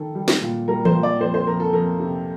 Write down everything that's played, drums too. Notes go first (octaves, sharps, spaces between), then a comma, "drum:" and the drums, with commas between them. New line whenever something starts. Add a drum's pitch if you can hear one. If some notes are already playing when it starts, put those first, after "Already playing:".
Already playing: D#3 A4
G3
drum: snare
A#2
G3 A#4
C5, drum: tom E3
A#2
D5
F2 C5
C5
F2 A#4
A4
F2 A#4
C3